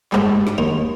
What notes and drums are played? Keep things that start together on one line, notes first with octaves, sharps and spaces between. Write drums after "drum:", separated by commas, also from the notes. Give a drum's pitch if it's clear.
G#2 G3, drum: clap
drum: snare
D#2 D#4